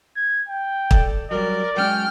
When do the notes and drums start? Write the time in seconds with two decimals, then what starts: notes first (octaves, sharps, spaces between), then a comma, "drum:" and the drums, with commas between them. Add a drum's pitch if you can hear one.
0.17 G#6
0.49 G5
0.91 A4 D5, drum: kick
1.31 F#3 G3 A#4 D5
1.76 F#3 G#3 C#4 G5 F6